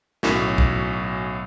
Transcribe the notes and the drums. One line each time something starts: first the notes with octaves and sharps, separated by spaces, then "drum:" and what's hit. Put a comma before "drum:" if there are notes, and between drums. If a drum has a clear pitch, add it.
B1 A2 F#3 C#4, drum: snare
drum: kick